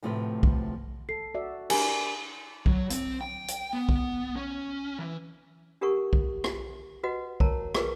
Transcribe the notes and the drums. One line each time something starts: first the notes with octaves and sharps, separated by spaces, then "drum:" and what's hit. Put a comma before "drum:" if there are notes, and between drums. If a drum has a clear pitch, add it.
D2 A2 C3 F3 A3 B4
drum: kick B1
A4 C7
F#4 D5 E5
D4 G4 A#4 G#5, drum: cymbal
F#3, drum: kick B1
C4, drum: hi-hat
G5
drum: hi-hat
B3
drum: kick B1
C#4
E3
D4 G4 A4 A#4 F#5 C#6
drum: kick B1
drum: rim click
F#4 B4 D#5 F#5
A#4 C#5 A5 A#5, drum: kick B1
G#4 A#4 B4 C#6, drum: rim click